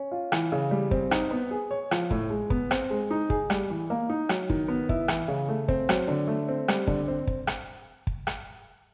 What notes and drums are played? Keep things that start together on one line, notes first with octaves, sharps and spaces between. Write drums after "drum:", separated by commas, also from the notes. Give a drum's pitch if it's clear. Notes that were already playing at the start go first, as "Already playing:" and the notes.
Already playing: C#4
F4
E3, drum: rim click
C#3
G3
C4, drum: kick
D#4, drum: rim click
B3
G#4
C#5
F3, drum: rim click
A2, drum: kick
G#3
B3, drum: kick
C4, drum: rim click
G#3
D#4
G#4, drum: kick
G3, drum: rim click
E3
A#3
D#4
F#3, drum: rim click
D#3, drum: kick
B3
E4, drum: kick
E3, drum: rim click
C#3
A3
C4, drum: kick
F#3, drum: rim click
D3
A3
C4
G3, drum: rim click
D3, drum: kick
C4
drum: kick
drum: rim click
drum: kick
drum: rim click